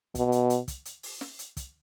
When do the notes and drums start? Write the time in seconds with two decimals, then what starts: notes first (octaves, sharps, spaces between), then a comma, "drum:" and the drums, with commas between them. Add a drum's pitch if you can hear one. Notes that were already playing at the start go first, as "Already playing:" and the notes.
0.15 B2, drum: kick, hi-hat
0.32 drum: hi-hat
0.50 drum: hi-hat
0.68 drum: kick, hi-hat
0.85 drum: hi-hat
1.03 drum: open hi-hat
1.21 drum: snare
1.39 drum: hi-hat
1.57 drum: kick, hi-hat